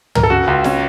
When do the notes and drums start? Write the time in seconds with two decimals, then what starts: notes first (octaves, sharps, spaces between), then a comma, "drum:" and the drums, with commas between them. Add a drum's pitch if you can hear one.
0.15 A#4, drum: tom
0.23 A4
0.30 C#3 F#4
0.47 C#2
0.64 C#4, drum: snare